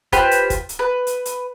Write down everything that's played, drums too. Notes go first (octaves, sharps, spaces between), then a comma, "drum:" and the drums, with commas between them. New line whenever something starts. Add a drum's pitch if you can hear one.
F4 G4 B4 C5, drum: kick, hi-hat
drum: hi-hat
drum: kick, hi-hat
drum: hi-hat
B4
drum: hi-hat
drum: hi-hat